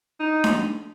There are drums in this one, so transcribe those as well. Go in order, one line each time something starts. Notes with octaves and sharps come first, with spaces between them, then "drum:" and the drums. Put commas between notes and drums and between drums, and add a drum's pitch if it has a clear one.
D#4
drum: snare D4